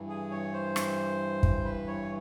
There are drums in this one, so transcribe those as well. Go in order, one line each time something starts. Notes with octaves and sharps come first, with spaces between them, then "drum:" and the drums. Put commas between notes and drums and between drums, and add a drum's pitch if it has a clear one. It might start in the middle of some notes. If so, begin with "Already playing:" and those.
Already playing: G2 E3
G#4
C#5
C5
drum: rim click
drum: kick
B4
C#5